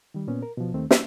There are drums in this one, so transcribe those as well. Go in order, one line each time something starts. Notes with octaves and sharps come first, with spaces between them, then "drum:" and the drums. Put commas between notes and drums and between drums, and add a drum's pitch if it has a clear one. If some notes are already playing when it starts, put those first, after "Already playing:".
D#3 G3
A#2 B3 C#4
A#4
B2 F3
D#2 D#3 A3 C4
E6, drum: snare